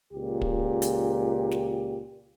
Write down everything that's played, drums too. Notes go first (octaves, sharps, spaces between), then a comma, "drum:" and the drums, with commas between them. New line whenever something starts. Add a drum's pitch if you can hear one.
C#2 A#2 G4
drum: kick
drum: hi-hat
drum: snare